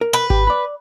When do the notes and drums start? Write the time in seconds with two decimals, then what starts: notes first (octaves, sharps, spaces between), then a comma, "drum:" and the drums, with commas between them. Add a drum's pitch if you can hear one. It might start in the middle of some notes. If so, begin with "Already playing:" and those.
0.01 A#4
0.13 B4
0.30 G4, drum: kick G#1
0.47 D5 B5